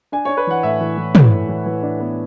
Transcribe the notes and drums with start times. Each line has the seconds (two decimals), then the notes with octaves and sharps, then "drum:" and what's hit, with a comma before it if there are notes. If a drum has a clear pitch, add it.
0.12 D4 G#5
0.25 D4 C#5
0.37 B4
0.47 E3 F#5
0.63 A2 E5
0.80 E3
0.97 E3
1.15 E3, drum: tom
1.32 A2
1.49 E3
1.66 E3
1.83 D4
2.00 B3